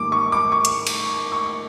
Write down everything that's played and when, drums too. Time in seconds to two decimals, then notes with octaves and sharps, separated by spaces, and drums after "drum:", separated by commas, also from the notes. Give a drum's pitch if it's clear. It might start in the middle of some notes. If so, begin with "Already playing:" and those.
Already playing: G#2 D#3 G3 A#3 D6
0.12 C#6
0.32 D6
0.52 C#6
0.65 drum: hi-hat
0.87 drum: cymbal
1.32 C#6